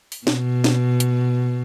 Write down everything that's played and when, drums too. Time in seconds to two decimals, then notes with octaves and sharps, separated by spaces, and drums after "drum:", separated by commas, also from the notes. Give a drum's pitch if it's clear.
0.12 drum: open hi-hat
0.27 B2, drum: snare
0.64 drum: snare
1.00 drum: hi-hat